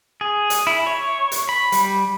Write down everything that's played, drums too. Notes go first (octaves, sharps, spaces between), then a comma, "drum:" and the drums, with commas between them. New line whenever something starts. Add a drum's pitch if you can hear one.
G#4
drum: hi-hat
E4
C#5
drum: hi-hat
B5
G3, drum: hi-hat